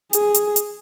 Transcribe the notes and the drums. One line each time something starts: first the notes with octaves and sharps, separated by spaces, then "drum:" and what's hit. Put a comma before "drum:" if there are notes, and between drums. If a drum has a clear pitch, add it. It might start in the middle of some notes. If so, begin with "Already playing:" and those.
G#4, drum: hi-hat
drum: hi-hat
drum: hi-hat